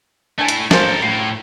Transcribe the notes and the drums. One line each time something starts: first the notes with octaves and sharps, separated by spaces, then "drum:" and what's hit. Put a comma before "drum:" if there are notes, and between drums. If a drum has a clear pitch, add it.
A3 D4 E4 G#5
drum: hi-hat
A#3 C#4 A4 A#4 C5, drum: snare
A2 C#3